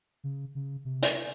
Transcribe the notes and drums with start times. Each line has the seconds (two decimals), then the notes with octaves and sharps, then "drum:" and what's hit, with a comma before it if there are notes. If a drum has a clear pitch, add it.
0.24 C#3
0.55 C#3
0.85 C3
1.02 drum: hi-hat